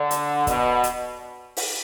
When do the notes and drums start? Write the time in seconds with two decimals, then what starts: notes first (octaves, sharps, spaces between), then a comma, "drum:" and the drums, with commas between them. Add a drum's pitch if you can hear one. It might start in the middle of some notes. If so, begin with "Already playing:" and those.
Already playing: D3
0.11 drum: hi-hat
0.47 B2, drum: kick, hi-hat
0.84 drum: hi-hat
1.57 drum: open hi-hat